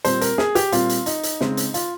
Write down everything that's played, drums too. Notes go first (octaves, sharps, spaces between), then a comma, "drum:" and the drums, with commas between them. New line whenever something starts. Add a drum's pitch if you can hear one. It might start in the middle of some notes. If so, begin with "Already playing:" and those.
A#2 G3 C4 C5, drum: hi-hat
A#4, drum: hi-hat
G#4, drum: snare
G4, drum: hi-hat
A#2 G3 C4 F4, drum: hi-hat
drum: hi-hat
D#4, drum: hi-hat
drum: hi-hat
C#3 G#3 C4, drum: snare
drum: hi-hat
F4, drum: hi-hat